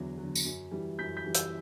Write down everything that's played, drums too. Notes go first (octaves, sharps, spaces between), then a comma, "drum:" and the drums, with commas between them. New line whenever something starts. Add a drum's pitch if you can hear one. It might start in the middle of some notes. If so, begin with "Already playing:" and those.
Already playing: E2 D3 F#3
D3 F#3
drum: tambourine
F#2
E3 G3
F#2 G6 B6
G6 B6
E3 G3
E6 G6, drum: hi-hat